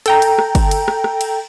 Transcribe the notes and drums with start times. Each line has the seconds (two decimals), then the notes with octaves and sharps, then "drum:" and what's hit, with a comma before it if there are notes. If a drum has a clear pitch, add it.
0.06 A4 G5 A#5, drum: cymbal
0.22 drum: cymbal
0.39 drum: rim click
0.55 drum: kick G1, cymbal
0.71 drum: cymbal
0.88 drum: rim click
1.04 drum: rim click
1.21 drum: cymbal